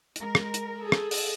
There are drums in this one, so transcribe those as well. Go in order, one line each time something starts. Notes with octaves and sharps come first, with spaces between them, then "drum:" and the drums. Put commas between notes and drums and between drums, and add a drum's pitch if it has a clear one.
G#3 A#4, drum: hi-hat
drum: rim click
drum: hi-hat
G#4 A4
drum: rim click
drum: open hi-hat